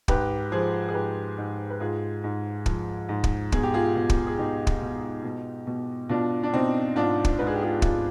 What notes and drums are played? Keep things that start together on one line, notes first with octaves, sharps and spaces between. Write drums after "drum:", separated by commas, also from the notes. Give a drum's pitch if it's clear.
G#2 G4 B4, drum: kick
F3 G#4 C5
G#4
G#2 G4 B4
G#2
B4
G#2 F4 G#4
G#2
F3, drum: kick
G#2
drum: kick
B2 G#4, drum: kick
G4
F4 G#4
B2
drum: kick
G#4
B2 D#4 G4
drum: kick
B2
B2
B2
B2 D4 F4
D4
B2 C4 D#4
G#2 D4 F4
drum: kick
G#2 B4
G#4
G4
F4 G#4
G#2 F4 G#4, drum: kick